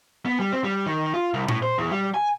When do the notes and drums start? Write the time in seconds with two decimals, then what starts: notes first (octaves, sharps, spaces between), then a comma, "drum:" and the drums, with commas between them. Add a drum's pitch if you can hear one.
0.26 B3
0.40 G3
0.52 C4
0.64 G3
0.86 D#3
1.14 F4
1.34 C2
1.48 A2, drum: tom A#2
1.63 C5
1.78 E2
1.91 G3
2.14 G#5